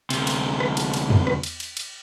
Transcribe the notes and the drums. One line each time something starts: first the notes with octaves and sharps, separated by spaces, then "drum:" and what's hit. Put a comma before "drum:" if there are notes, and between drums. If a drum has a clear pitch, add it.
D2 C3, drum: cymbal
drum: cymbal
drum: rim click
drum: cymbal
drum: cymbal
drum: tom
drum: rim click
drum: cymbal
drum: cymbal
drum: cymbal